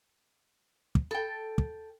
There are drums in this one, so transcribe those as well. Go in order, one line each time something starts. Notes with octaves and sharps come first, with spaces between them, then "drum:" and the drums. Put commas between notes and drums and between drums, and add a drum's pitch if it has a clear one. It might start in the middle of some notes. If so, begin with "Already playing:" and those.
drum: kick
A4 G5
drum: kick